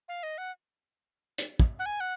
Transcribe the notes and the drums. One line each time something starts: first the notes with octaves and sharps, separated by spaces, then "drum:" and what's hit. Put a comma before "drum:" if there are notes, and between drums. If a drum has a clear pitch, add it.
F5
D#5
F#5
drum: hi-hat
drum: kick
F#5
G#5
F#5